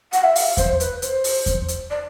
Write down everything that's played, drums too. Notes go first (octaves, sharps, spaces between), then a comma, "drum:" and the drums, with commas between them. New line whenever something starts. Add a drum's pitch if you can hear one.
F#5, drum: hi-hat
E5
F5, drum: open hi-hat
C5, drum: kick E2, hi-hat
B4, drum: hi-hat
C5, drum: hi-hat
drum: open hi-hat
drum: kick E2, hi-hat
drum: hi-hat
D5